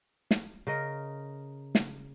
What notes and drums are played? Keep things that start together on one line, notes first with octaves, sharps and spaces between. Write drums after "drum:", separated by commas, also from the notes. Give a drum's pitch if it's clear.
drum: snare
C#3 A#4 D#5
drum: snare